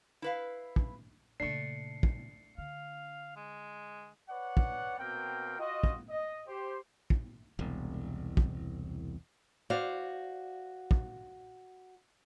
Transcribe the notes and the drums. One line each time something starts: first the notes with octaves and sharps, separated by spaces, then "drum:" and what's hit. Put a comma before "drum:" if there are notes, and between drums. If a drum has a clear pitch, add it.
E4 B4 F5
drum: kick
A#2 C#3 A3 D4 C7 C#7
drum: kick
D3 F5
G#3
B4 C#5 D5 F#5
drum: kick
B2 A#3 C4 A#4 G5
F4 F#4 D#5
drum: kick
D#5
G4 C5
drum: kick
E1 C2
drum: kick
F#4 C5 D5 F5
drum: kick